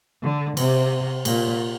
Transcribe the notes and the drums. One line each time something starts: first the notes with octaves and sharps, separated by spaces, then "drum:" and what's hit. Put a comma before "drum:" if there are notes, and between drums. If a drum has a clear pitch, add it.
D3
C3, drum: cymbal
A#2, drum: cymbal